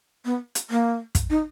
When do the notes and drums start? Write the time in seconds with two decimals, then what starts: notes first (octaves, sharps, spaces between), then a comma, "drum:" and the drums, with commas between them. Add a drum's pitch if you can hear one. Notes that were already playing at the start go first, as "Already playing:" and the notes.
0.25 B3
0.55 drum: hi-hat
0.70 A#3
1.15 drum: kick, hi-hat
1.30 D#4